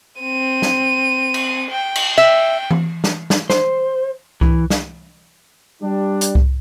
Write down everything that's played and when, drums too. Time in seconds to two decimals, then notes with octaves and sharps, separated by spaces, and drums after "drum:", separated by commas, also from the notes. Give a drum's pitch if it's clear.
0.20 C4 D#7
0.62 drum: snare
1.34 drum: cymbal
1.70 G5
1.96 drum: cymbal
2.18 E5 G5
2.71 drum: tom E3
3.04 drum: snare
3.30 drum: snare
3.50 C5, drum: snare
4.41 E3, drum: kick C2
4.70 drum: snare
5.82 G3 D4
6.21 drum: hi-hat
6.35 drum: kick C2